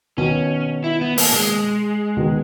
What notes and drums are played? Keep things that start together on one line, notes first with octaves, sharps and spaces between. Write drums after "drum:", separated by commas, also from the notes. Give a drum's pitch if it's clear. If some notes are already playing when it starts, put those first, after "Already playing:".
B2 D#3 C#4
E4
B3
A#3, drum: open hi-hat
G#3
B2 D#3